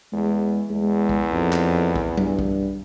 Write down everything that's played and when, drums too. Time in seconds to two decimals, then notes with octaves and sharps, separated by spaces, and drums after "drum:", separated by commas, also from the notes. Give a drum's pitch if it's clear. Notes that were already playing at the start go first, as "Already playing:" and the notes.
0.13 E2 G#3
0.70 E2 G#3
1.09 drum: kick
1.31 F2
1.53 drum: clap
1.96 drum: kick
2.17 G2, drum: tom F#3
2.39 drum: kick